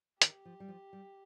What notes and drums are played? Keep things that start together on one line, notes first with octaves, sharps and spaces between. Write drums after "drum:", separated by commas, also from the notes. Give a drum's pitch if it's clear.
D#3 G4, drum: hi-hat
F3
G3
F3
G3